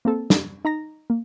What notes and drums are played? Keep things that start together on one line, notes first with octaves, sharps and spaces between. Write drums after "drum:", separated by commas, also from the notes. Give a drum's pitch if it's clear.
A#3 C4 A4
drum: snare
D#4 A#5 A#6
A#3